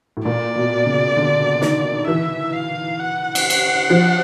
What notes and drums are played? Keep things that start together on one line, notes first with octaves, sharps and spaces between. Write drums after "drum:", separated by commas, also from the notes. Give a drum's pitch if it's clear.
A2
A#2 D5
B2
C#3
D3
D#3, drum: snare
E3 E5
F5
F#5
drum: cymbal
drum: cymbal
F3